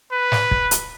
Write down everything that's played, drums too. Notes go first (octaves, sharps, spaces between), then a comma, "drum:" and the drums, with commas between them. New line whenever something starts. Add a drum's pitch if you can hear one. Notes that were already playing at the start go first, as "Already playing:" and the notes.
B4
drum: snare
drum: kick
drum: hi-hat